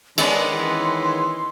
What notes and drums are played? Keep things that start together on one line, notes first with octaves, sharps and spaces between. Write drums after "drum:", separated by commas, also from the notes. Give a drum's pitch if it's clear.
D#3 G#3 B3 C#4 D4 G#4 C6, drum: cymbal
E3